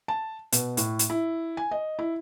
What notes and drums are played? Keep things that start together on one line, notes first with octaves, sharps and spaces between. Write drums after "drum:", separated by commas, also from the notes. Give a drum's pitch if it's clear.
A5
B2, drum: hi-hat
A2, drum: hi-hat
drum: hi-hat
E4
G#5
D#5
E4